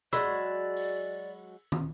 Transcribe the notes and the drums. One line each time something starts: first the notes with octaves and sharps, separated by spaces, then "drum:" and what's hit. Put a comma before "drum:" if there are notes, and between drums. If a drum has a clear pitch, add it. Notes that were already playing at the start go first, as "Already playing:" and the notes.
F#3 G#3 F#4 D5 B5 E6, drum: rim click
drum: open hi-hat
drum: tom